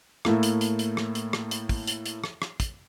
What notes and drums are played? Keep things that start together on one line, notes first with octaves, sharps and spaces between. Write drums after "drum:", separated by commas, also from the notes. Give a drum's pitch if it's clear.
A2 A3 A#3 E4, drum: rim click
drum: hi-hat
drum: hi-hat
drum: hi-hat
drum: rim click
drum: hi-hat
drum: rim click
drum: hi-hat
drum: kick, open hi-hat
drum: hi-hat
drum: hi-hat
drum: rim click
drum: rim click
drum: kick, hi-hat